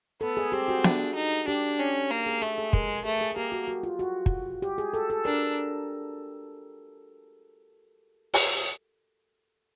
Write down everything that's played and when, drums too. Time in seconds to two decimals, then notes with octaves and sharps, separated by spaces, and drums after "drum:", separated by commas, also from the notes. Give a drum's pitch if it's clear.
0.21 B3 A4
0.37 G#4
0.52 C4 G4
0.68 F#4
0.84 D4, drum: snare B3
1.15 D#4
1.48 D4 G4
1.79 C#4
2.11 A#3
2.26 G#4
2.42 A3 A4
2.58 G#4
2.73 G#3 A#4, drum: kick
3.05 A3 G#4
3.21 G#4
3.32 G#4
3.36 A#3 G4
3.52 F#4
3.68 F#4
3.83 F4
3.99 F#4
4.26 drum: kick
4.62 G4
4.78 G#4
4.94 A4
5.10 A4
5.25 D4 A#4
8.34 drum: open hi-hat